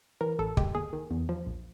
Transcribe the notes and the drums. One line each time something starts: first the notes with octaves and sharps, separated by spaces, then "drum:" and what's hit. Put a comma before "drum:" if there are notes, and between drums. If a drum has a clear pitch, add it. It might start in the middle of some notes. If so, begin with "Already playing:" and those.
E3 A#4
A1 A4
G#3 G4, drum: kick
D#2 G#4
D#3
E2
F3
A#1